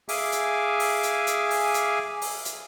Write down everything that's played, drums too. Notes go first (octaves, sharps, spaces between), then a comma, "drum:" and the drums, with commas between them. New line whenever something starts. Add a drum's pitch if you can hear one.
G#4 E5 F5 G#5 D6, drum: open hi-hat
drum: hi-hat
drum: open hi-hat
drum: hi-hat
drum: hi-hat
drum: open hi-hat
drum: hi-hat
drum: open hi-hat
drum: hi-hat